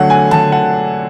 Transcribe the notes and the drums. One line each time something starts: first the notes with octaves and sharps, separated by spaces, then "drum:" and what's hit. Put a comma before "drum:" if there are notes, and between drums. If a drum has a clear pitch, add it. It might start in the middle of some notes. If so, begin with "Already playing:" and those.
Already playing: D3 F#3 A3 F#5
G#5
A5, drum: tom D3
F#5